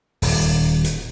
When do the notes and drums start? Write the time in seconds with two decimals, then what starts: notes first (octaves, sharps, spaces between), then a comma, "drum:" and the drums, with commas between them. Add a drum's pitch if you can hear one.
0.22 D#1, drum: open hi-hat
0.84 drum: hi-hat